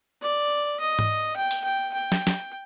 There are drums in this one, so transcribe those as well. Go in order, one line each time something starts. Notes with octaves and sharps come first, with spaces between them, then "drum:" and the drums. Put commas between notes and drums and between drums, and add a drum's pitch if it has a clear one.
D5
D#5
drum: tom G#2
G5
drum: open hi-hat
G5
G5
drum: snare
drum: snare